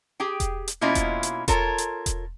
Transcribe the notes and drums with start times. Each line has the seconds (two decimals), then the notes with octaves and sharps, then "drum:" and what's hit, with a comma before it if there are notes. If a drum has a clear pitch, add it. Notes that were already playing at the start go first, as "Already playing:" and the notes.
0.20 G4 G#4 G5
0.40 drum: kick E1, hi-hat
0.68 drum: hi-hat
0.81 B2 A#3 C#4 E4 F4 D#5
0.95 drum: kick E1, hi-hat
1.23 drum: hi-hat
1.48 F4 A4 A#4 C#5, drum: kick E1, hi-hat
1.78 drum: hi-hat
2.06 drum: kick E1, hi-hat